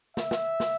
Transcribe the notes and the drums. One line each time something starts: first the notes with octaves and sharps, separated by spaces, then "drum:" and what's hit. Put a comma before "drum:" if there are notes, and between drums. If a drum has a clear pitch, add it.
E5, drum: snare
drum: snare
drum: snare